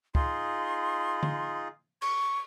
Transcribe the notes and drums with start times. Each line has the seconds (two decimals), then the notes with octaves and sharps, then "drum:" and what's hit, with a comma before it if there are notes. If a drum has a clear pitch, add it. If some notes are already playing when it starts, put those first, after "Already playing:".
0.15 D#4 F4 G#4 C6, drum: kick
1.23 drum: tom D3
2.02 C#6, drum: cymbal